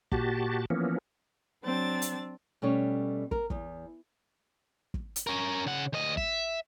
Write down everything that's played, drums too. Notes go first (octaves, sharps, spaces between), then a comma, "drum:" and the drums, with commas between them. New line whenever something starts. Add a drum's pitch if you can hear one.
A#2 F#4 G4 A5, drum: kick
E3 F3 A#3 B3 C#4
F#3 C4 D4 A6
drum: hi-hat
B2 G3 A3 C#4 C#5
A#4, drum: kick
E2, drum: kick
drum: kick
drum: hi-hat
C#4 A#4
C#3 F#5
D2 D#5
E5, drum: kick